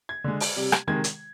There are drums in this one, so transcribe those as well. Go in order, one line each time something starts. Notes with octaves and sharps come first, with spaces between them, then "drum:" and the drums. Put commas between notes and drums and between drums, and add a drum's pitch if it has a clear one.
G#6
D3 G#3
drum: open hi-hat
C3 G3
drum: rim click
C3 D#3 G#3 G#6
drum: hi-hat